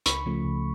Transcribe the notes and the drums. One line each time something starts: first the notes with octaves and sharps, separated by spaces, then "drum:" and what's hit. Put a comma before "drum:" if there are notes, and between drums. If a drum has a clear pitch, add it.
C#2 B5 C#6, drum: hi-hat
C#3 F3 A3
C#2